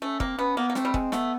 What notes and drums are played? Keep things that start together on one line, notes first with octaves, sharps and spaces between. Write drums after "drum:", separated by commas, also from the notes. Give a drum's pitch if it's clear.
A3 C#4
A#3 C4, drum: kick
B3 C#4
A#3 B3
A#3
A3 C4, drum: snare
G3
G#3, drum: kick
A3 B3, drum: snare